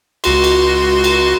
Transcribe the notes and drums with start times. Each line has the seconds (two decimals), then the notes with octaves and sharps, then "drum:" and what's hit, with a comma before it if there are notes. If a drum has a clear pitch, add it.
0.24 C#2 F#4 C6, drum: cymbal
0.44 drum: cymbal
1.04 drum: cymbal